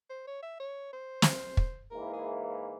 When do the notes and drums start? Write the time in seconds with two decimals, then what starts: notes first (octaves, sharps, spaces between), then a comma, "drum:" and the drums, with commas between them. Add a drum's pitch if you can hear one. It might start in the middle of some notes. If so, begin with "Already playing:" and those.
0.10 C5
0.27 C#5
0.42 E5
0.60 C#5
0.93 C5
1.22 drum: snare
1.57 drum: kick
1.91 G#2 E3 A#3 E4 A#4
2.13 G#4